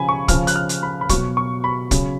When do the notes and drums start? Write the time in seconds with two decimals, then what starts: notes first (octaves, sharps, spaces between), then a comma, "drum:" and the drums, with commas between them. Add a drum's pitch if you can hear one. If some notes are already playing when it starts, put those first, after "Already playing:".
Already playing: C#3 F3 G#5 B5
0.09 C#6
0.28 C#3 F3 F6, drum: kick, hi-hat
0.47 F#6, drum: hi-hat
0.56 F6
0.69 drum: hi-hat
0.83 B5
1.01 B5
1.09 B2 F#3 C#6, drum: kick, hi-hat
1.37 C#6
1.64 B5
1.91 C#3 F#3, drum: kick, hi-hat